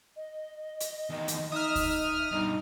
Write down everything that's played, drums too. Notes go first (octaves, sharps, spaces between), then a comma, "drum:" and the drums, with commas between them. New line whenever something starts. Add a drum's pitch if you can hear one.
D#5
drum: hi-hat
E2 D#3
drum: hi-hat
D#4 E5 D#6 F6
drum: kick C#2, open hi-hat
G2 B2 D#4 D#5